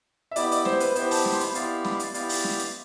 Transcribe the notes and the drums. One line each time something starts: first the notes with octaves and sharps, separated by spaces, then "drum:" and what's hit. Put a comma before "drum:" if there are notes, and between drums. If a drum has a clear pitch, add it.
E5
B3 E4 G4 D5, drum: hi-hat
D5, drum: hi-hat
C5, drum: snare
B4, drum: hi-hat
B3 E4 G4 C5, drum: hi-hat
A5, drum: open hi-hat
A5, drum: snare
C6
B5, drum: hi-hat
B3 E4 G4 D5 F5 C6, drum: hi-hat
B5, drum: snare
drum: hi-hat
B3 E4 G4 D5 F5, drum: hi-hat
drum: open hi-hat
drum: snare
drum: hi-hat